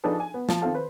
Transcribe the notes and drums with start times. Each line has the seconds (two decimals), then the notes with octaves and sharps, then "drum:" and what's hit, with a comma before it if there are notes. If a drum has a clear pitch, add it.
0.04 F3 D4 D#4 G#4 A4 B4
0.20 G#5
0.34 B3
0.49 F3 A5, drum: snare
0.62 D#3 C4 F4 A4
0.74 B4 C5